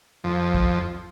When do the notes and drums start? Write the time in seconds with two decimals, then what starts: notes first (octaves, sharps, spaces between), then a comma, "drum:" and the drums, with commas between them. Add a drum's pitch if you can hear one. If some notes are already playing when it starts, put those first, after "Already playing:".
0.24 F2
0.54 drum: kick